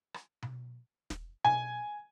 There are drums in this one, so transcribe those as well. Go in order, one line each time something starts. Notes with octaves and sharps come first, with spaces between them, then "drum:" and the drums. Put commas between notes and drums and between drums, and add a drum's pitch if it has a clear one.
drum: rim click
drum: tom B2
drum: snare
G#5, drum: tom B2